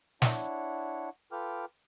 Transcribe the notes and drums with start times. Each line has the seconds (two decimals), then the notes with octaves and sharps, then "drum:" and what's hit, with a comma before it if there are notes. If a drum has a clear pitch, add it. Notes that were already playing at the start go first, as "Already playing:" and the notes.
0.22 D4 E4 C#5 F#5, drum: snare
1.32 F4 A4 B4 G5 D6 F6